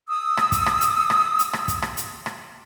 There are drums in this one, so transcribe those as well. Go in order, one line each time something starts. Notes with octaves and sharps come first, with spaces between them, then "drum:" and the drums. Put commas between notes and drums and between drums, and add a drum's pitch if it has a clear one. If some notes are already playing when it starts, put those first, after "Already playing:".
D#6 E6
drum: rim click
drum: kick, hi-hat
drum: rim click
drum: hi-hat
drum: rim click
drum: hi-hat
drum: rim click
drum: kick, hi-hat
drum: rim click
drum: hi-hat
drum: rim click